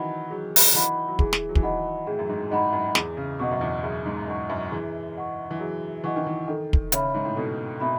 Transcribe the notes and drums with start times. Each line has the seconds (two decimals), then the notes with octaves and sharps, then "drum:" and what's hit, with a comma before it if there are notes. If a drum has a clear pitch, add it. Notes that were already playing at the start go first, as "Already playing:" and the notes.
Already playing: D#3 E3 F#3 D#5 F#5 B5
0.31 F#3 G#4
0.56 drum: open hi-hat
0.74 E3 D#5 F#5 B5
1.08 F#3
1.19 E3 G#4, drum: kick
1.33 drum: snare
1.49 F#3
1.55 E3, drum: kick
1.62 D#3 D#5 F#5 B5
2.07 A2 G#4
2.19 F#2
2.29 G#2
2.51 G#2 D#5 F#5 B5
2.73 F#2
2.87 F#2
2.95 E2 G#4, drum: snare
3.17 C#3
3.39 B2 D#5 F#5 C#6
3.51 F#2
3.61 E2
3.83 F#2 G#4
4.06 G#2
4.27 F#2 D#5 F#5 C#6
4.50 F#2
4.72 E3 G#4
5.16 D#5 F#5 C#6
5.51 E3
5.59 F#3 G#4
6.04 E3 D#5 F#5 C#6
6.16 D#3
6.27 E3
6.48 D#3 A4
6.73 drum: kick
6.92 C#3 C#5 E5 B5, drum: hi-hat
7.14 G#2
7.25 A2
7.36 B2 A4
7.80 B2 E5 B5